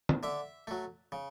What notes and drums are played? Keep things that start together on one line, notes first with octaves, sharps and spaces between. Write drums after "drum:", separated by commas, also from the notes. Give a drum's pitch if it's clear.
drum: tom
D3 E5
F#3 A3
C#3